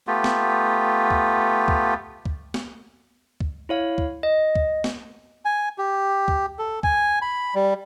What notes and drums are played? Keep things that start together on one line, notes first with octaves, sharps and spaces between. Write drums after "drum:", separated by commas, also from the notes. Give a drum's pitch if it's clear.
A3 B3 F4 G4
drum: snare
drum: kick C#2
drum: kick C#2
drum: kick C#2
drum: snare
drum: kick C#2
E4 C#5 F5
drum: kick C#2
D#5
drum: kick C#2
drum: snare
G#5
G4
drum: kick C#2
A4
G#5, drum: kick C#2
B5
G3